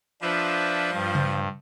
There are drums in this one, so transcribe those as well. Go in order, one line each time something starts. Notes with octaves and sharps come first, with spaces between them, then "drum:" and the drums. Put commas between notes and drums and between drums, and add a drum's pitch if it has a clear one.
F3 D4 B4 E5
G2
drum: tom C#3